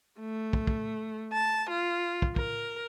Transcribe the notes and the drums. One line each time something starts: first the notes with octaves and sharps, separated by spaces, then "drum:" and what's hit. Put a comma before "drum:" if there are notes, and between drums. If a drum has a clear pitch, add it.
A3
drum: kick
drum: kick
A5
F4
drum: kick
A#4, drum: kick